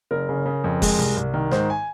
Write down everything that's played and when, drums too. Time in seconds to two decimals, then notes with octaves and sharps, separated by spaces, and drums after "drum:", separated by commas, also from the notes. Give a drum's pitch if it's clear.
0.11 F#1 A#4
0.29 C#3
0.46 C#3
0.64 F2
0.82 G#3, drum: kick F1, open hi-hat
0.99 C2
1.17 C2
1.34 D#3
1.51 G#2 C5, drum: snare
1.70 G#5